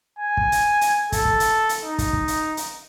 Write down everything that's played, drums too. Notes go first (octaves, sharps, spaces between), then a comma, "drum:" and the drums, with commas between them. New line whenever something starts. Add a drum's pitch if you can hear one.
G#5
drum: kick
drum: hi-hat
drum: hi-hat
A4, drum: kick, hi-hat
drum: kick
drum: hi-hat
drum: hi-hat
D#4
drum: kick, hi-hat
drum: kick
drum: hi-hat
drum: hi-hat